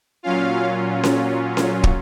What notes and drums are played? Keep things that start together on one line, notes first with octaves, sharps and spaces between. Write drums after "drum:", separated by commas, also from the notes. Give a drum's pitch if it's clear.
A#2 F#3 C#4 F4 F5
drum: snare C#4
drum: snare C#4
drum: kick